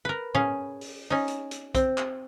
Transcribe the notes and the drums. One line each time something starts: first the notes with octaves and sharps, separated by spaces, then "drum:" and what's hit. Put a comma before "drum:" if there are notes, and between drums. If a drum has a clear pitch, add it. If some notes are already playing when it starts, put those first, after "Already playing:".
A#4 B4
C#4 G#4 F5, drum: tom A2
drum: open hi-hat
C#4 D#4
drum: hi-hat
drum: hi-hat
C4, drum: kick, hi-hat
drum: clap